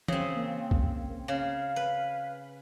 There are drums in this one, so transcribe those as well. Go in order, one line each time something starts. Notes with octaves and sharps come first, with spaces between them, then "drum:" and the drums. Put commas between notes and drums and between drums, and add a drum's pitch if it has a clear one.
C#3 C4 D#6, drum: tom E3
A#3
drum: kick B1
C#3 F5
B4